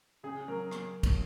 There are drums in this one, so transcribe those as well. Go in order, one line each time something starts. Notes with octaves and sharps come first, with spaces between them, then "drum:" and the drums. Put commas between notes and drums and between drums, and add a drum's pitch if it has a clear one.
C#3 G#4
F#3 A#4
drum: rim click
drum: kick, cymbal